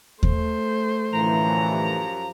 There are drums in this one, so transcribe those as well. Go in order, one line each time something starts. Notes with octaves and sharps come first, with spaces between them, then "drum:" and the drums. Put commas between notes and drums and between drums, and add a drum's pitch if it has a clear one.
A3 C5, drum: kick D#2
F#2 A2 D3 E3 F3 A#5
G4